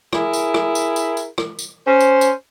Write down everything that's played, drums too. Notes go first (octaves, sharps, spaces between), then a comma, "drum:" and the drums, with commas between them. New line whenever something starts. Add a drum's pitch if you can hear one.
E4 G#4 A#4, drum: rim click
drum: tambourine
drum: rim click
drum: tambourine
drum: tambourine
drum: tambourine
drum: rim click
drum: tambourine
C#4 C5
drum: tambourine
drum: tambourine